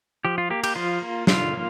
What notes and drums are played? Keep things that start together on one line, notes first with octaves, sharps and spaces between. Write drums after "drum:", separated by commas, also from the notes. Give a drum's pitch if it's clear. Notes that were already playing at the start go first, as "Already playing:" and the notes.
F3 G4
F4
A#3 G4
G4, drum: cymbal
F3 F4
A#3
D3 F4, drum: snare
A#3